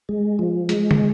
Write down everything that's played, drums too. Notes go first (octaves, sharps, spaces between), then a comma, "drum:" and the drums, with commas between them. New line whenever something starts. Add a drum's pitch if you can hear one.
G#3
F3
G#3, drum: hi-hat
drum: tom